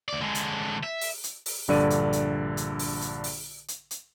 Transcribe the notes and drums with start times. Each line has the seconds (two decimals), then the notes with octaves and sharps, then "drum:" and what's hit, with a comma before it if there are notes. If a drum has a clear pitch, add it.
0.08 D2 D5
0.21 D3 G#3
0.35 drum: hi-hat
0.83 E5
1.01 drum: open hi-hat
1.24 drum: hi-hat
1.46 drum: open hi-hat
1.68 A#1 G2 D3 D5 D#7
1.90 drum: hi-hat
2.13 drum: hi-hat
2.57 drum: hi-hat
2.79 drum: open hi-hat
3.02 drum: hi-hat
3.24 drum: open hi-hat
3.68 drum: hi-hat
3.91 drum: hi-hat